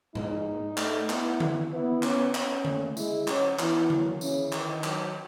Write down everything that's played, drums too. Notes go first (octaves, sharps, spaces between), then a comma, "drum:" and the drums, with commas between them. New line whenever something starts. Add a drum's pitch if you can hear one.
G#3 D#4, drum: tom G#2
A3, drum: clap
B3 E4, drum: clap
drum: tom D3
B3 E4
B3 C#4, drum: clap
B3 C#4, drum: clap
A3, drum: tom D3
G#3 E4, drum: tambourine
F#3 C#4, drum: clap
E3 B3, drum: clap
F#3, drum: tom D3
C#3 E3, drum: tambourine
D#3, drum: clap
F#3, drum: clap